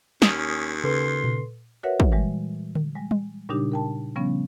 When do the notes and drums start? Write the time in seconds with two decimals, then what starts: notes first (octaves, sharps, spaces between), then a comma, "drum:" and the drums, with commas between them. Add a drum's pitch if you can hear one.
0.22 D#2 C#4 D#6, drum: snare
0.84 C#3 A4 B4 C6
1.24 drum: tom A#2
1.83 F#4 A#4 B4 C#5 E5 F#5
2.00 drum: kick
2.12 A#2 E3 G3 G#3
2.75 drum: tom D3
2.95 G3 G#3
3.11 drum: tom G3
3.49 A#2 C#3 G3 D4 D#4 G4
3.72 A#4 G5 A5
4.15 C#3 F3 G3 B3 C#4